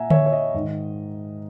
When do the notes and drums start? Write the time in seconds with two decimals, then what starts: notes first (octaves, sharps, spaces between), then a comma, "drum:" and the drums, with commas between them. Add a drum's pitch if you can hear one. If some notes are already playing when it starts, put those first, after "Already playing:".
Already playing: A#2 E5 F#5 G#5 A#5
0.10 C#5 E5, drum: tom D3
0.26 C#5
0.32 D#5
0.54 G#2 D#3